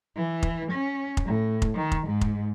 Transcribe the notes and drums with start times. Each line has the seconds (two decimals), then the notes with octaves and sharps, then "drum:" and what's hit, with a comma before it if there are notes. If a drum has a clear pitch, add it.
0.17 E3
0.43 drum: kick
0.72 C#4
1.17 drum: kick
1.26 A2
1.62 drum: kick
1.77 D#3
1.92 drum: kick
2.06 G#2
2.21 drum: kick